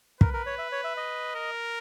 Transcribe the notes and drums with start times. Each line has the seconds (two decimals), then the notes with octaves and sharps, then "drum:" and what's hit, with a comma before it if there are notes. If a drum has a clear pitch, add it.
0.21 A#4 B4, drum: kick
0.34 A#4
0.46 C#5
0.58 E5
0.72 C#5
0.84 E5
0.97 D#5
1.35 A#4